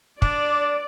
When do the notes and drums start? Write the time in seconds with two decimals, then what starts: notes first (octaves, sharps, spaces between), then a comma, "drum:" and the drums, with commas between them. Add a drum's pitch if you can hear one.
0.22 D4 D5, drum: kick